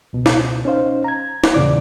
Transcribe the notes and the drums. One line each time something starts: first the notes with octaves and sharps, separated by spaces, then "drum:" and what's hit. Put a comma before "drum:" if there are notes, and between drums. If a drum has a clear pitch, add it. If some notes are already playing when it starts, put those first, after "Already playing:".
C#2 B2
drum: snare
C#4 D#4 C5 F5
A#5 G#6
drum: snare
E2 G2 A#2 C#3 D5 D6